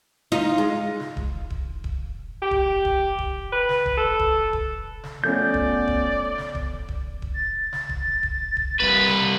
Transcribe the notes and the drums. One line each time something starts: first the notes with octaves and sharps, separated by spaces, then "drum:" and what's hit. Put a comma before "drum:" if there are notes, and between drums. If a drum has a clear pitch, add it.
D#4 F4
G#3
drum: snare
drum: kick D#1
drum: kick D#1
drum: kick D#1
G4
drum: kick D#1
drum: kick D#1
drum: kick D#1
B4
drum: snare
drum: kick D#1
A4
drum: kick D#1
drum: kick D#1
drum: snare
F3 A3 B3 C#4 D5 G6
drum: kick D#1
drum: kick D#1
drum: snare
drum: kick D#1
drum: kick D#1
drum: kick D#1
A6
drum: snare
drum: kick D#1
drum: kick D#1
drum: kick D#1
C2 B4
drum: snare